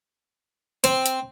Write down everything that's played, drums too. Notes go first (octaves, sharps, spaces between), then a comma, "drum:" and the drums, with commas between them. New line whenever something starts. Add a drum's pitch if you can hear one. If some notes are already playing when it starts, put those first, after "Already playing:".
C4, drum: hi-hat
drum: hi-hat